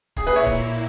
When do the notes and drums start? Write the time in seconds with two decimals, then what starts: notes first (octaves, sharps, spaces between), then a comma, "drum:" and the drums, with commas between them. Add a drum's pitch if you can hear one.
0.16 A#2 A#3 E4 G#4, drum: kick
0.27 G#4 B4
0.36 C#5 E5
0.46 drum: kick